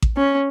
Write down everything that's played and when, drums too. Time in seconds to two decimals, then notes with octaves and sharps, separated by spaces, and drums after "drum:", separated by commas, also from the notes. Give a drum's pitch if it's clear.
0.02 drum: kick A1
0.17 C#4